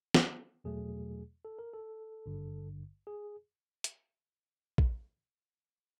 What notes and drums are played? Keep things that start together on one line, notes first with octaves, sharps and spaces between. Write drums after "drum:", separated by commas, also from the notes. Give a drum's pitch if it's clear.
drum: snare
E2 B2 F#3 A3 G#4
A4
A#4
A4
G#1 G2 D3
G#4
drum: hi-hat
drum: kick